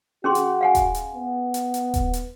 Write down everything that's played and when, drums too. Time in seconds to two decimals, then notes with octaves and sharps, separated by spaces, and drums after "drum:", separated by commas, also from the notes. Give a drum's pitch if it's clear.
0.24 C#4 F#4 G#4 C6
0.35 drum: hi-hat
0.61 F5 F#5 G#5
0.75 drum: kick D#1, hi-hat
0.95 drum: hi-hat
1.14 B3
1.54 drum: hi-hat
1.74 drum: hi-hat
1.94 drum: kick D#1, hi-hat
2.13 drum: hi-hat